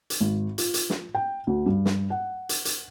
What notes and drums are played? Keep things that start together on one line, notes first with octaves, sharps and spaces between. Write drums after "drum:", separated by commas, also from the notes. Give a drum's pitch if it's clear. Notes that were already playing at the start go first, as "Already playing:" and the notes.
drum: hi-hat
G#1
F4, drum: hi-hat
drum: hi-hat
drum: snare
G5
D2
G2
drum: snare
F#5
drum: hi-hat
drum: hi-hat